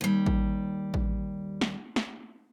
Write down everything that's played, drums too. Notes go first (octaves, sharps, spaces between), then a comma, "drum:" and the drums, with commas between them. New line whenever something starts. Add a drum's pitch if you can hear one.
D#2 G3
drum: kick A1
drum: kick A1
drum: snare
drum: snare